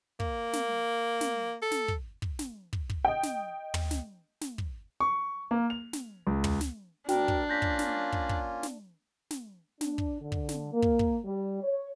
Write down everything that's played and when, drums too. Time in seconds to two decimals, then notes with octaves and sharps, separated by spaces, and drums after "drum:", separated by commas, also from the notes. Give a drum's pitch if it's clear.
0.20 A#3, drum: kick
0.53 drum: snare
1.21 drum: snare
1.62 A4
1.71 drum: snare
1.88 drum: kick
2.22 drum: kick
2.39 drum: snare
2.73 drum: kick
2.90 drum: kick
3.05 D#5 G5
3.23 drum: snare
3.74 drum: tom
3.91 drum: snare
4.41 drum: snare
4.58 drum: kick
5.00 C#6
5.51 A#3
5.70 F7
5.93 drum: snare
6.27 C#2
6.44 drum: tom
6.61 drum: snare
7.09 D2 D4 F#4 A#4 G5, drum: snare
7.28 drum: kick
7.49 A#3 C#4 F4 G6 A#6 B6
7.62 drum: kick
7.79 drum: snare
8.12 drum: kick
8.29 drum: kick
8.63 drum: snare
9.31 drum: snare
9.81 D4, drum: snare
9.98 drum: kick
10.20 D3
10.32 drum: kick
10.49 drum: snare
10.73 A#3
10.82 drum: kick
10.99 drum: kick
11.24 G3
11.62 C#5